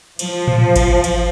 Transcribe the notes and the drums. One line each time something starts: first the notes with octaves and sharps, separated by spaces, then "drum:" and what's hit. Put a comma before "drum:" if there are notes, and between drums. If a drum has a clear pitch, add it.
F3, drum: cymbal
drum: tom A2
drum: kick G#1, cymbal
drum: cymbal